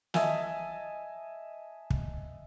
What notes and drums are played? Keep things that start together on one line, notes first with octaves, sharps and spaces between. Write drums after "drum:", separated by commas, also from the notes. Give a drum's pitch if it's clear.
D#5 E5 G#5 A5, drum: snare
drum: kick